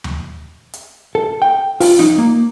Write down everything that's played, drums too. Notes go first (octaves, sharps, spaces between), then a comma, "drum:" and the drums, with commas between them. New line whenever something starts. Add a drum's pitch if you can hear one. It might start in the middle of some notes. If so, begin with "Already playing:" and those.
drum: tom D#2
drum: hi-hat
A4
G5
F4, drum: open hi-hat
D#4, drum: snare
A#3